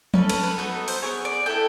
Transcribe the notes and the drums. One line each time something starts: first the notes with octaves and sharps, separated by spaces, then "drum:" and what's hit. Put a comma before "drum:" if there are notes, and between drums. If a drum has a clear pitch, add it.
C#4 E4 A4 B4, drum: tom
B4, drum: cymbal
B4
B3 D#4 F#4 A4 B4
C5, drum: open hi-hat
B3 E4 G#4 C#5
D5
B3 E4 A4 G5